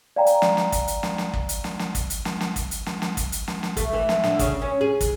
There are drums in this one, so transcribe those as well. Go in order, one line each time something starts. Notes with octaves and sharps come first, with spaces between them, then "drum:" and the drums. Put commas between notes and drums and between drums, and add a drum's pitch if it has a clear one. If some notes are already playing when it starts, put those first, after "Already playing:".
D5 F5 G5 G#5 A#5
drum: hi-hat
drum: snare
drum: snare
drum: kick, hi-hat
drum: hi-hat
drum: snare
drum: snare
drum: kick
drum: hi-hat
drum: snare
drum: snare
drum: kick, hi-hat
drum: hi-hat
drum: snare
drum: snare
drum: kick, hi-hat
drum: hi-hat
drum: snare
drum: snare
drum: kick, hi-hat
drum: hi-hat
drum: snare
drum: snare
A3, drum: kick, hi-hat
E3
drum: snare
D3, drum: snare
C#3, drum: kick, hi-hat
C#4
G#4
drum: kick, hi-hat